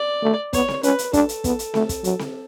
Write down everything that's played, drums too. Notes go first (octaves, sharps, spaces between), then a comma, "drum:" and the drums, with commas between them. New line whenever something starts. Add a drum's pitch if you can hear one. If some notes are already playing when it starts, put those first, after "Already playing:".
Already playing: D5
A3
B3 C#5, drum: kick, hi-hat
drum: snare C4
C#4 B4, drum: hi-hat
drum: hi-hat
D4 A4, drum: kick, hi-hat
drum: hi-hat
B3, drum: kick, hi-hat
drum: hi-hat
A3, drum: snare C4
drum: kick, hi-hat
F#3, drum: hi-hat
drum: snare C4